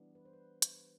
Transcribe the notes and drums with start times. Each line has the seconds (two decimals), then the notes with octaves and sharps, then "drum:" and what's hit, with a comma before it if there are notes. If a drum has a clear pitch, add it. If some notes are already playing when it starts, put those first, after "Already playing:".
Already playing: E3 G3 B3 D4
0.15 B4
0.25 C5
0.33 B4
0.62 drum: hi-hat